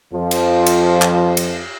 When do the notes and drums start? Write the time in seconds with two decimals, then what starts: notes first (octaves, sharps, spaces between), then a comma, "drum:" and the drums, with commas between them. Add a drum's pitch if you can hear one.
0.14 F2 F3
0.31 drum: cymbal
0.66 drum: cymbal
1.02 drum: clap
1.37 drum: cymbal